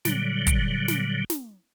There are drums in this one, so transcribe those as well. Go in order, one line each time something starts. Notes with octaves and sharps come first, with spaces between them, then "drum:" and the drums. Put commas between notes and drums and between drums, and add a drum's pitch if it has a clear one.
A#2 D3 F#3 G3, drum: snare
drum: kick, hi-hat
drum: snare
drum: snare